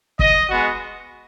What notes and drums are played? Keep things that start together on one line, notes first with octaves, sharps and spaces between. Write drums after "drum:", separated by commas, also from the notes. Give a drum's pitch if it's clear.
D#5, drum: kick
G#3 B3 F#4